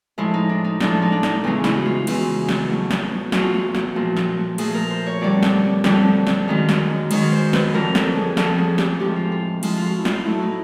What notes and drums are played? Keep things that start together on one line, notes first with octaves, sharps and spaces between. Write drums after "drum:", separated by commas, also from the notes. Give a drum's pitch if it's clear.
A2 F3 G#3 E4
D#4
D4
D#4
A2 F3 G#3 D4, drum: snare
D#4
D4
D#4, drum: snare
E2 C#3 E3 G#3
E4, drum: snare
F#4
F4
E2 C#3 E3 G#3, drum: cymbal
drum: snare
E2 B2 F#3 A3
drum: snare
E2 B2 F#3 A3 F#4, drum: snare
F4
F#4
drum: snare
A#2 F3 A3
drum: snare
A#2 F3 A3 G#4, drum: cymbal
A#4
C5
C#5
F2 D3 G3 D5
drum: snare
F2 D3 G3, drum: snare
drum: snare
F#2 D#3 G#3
drum: snare
F#2 D#3 G#3 C#5, drum: cymbal
C5
B4, drum: snare
F2 D3 F3 A#4
A4, drum: snare
G#4
F2 D3 F3 A4, drum: snare
G#4
G4, drum: snare
A2 F3 G#3 G4
F4
F4
A2 F3 G#3, drum: cymbal
F4
F#4
E4
F4, drum: snare
A2 F#3 A3 E4
D#4